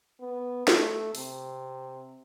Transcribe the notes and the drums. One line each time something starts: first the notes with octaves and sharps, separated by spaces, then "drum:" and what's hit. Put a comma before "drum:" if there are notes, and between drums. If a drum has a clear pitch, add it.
B3
A3, drum: snare
C3, drum: open hi-hat